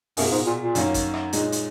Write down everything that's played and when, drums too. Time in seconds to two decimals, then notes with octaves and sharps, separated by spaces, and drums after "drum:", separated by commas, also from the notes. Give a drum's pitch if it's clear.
0.17 F#2 B2 A#3 F4 G#4, drum: open hi-hat
0.32 G#2
0.47 A#2
0.60 A#2
0.75 F#2 D#3 A#3 C#4, drum: hi-hat
0.94 drum: kick, hi-hat
1.14 drum: rim click
1.33 A#2 G#3 D#4 G#4, drum: hi-hat
1.52 drum: hi-hat